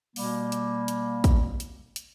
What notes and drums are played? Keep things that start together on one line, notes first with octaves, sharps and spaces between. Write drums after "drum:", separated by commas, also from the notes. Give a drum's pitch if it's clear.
B2 G3 A#3, drum: open hi-hat
drum: hi-hat
drum: hi-hat
drum: kick, hi-hat
drum: hi-hat
drum: hi-hat